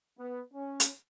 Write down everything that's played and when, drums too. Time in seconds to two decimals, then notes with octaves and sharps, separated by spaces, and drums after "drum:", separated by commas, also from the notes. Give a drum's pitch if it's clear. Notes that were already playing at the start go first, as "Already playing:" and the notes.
0.18 B3
0.53 C#4
0.80 drum: hi-hat